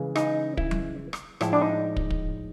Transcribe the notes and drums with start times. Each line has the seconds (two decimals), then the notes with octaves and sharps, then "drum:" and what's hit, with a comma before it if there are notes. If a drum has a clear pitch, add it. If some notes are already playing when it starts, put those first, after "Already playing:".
Already playing: C#3 E3 G#3
0.16 D#4, drum: rim click
0.57 E4, drum: kick
0.71 drum: tom F#3
1.13 drum: rim click
1.41 A2 F3 G#3 E4, drum: rim click
1.53 D4
1.61 D#4
1.97 drum: kick
2.10 drum: kick